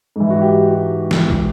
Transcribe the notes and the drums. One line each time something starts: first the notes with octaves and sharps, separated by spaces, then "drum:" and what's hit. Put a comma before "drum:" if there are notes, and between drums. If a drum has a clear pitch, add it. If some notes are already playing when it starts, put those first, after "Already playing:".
G#2 E3
F#4
G4
F#4
drum: snare
drum: kick